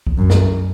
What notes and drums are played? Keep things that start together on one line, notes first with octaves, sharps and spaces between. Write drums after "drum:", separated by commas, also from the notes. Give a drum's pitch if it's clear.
drum: kick C2
F#2
drum: snare